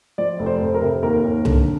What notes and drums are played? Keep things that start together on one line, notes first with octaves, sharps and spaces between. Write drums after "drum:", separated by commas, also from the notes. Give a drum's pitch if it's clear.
F3 D5
F1
C5
F2
A#4
C3
D#2 A#4
D#2
D3, drum: tom C2